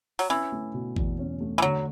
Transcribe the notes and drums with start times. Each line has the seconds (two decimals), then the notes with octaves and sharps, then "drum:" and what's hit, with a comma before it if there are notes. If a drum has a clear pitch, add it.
0.19 F#3, drum: open hi-hat
0.30 E3 C#4
0.52 A3
0.74 B2
0.96 E2, drum: kick G#1
1.19 C#4
1.41 A3
1.58 E3
1.62 D3 F#3